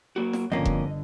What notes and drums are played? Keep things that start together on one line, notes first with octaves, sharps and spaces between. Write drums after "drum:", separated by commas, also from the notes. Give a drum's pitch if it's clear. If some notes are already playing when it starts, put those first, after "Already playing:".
F#3 A#3 F#4
drum: snare
G1 F2 D3 A#3 C#4 D#5
drum: kick F1